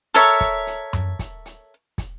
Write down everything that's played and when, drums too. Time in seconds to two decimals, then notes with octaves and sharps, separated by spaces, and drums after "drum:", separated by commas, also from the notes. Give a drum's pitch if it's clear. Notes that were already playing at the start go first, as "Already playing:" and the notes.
0.14 A4 A#4 C#5 E5
0.41 drum: kick, hi-hat
0.67 drum: hi-hat
0.93 drum: tom F#2
1.19 drum: kick, hi-hat
1.46 drum: hi-hat
1.98 drum: kick, hi-hat